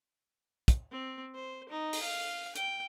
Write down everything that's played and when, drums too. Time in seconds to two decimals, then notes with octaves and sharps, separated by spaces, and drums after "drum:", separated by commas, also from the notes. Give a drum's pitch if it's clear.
0.68 drum: kick, hi-hat
0.92 C4
1.35 C5
1.69 D#4
1.93 drum: open hi-hat
2.03 F5
2.56 G5, drum: hi-hat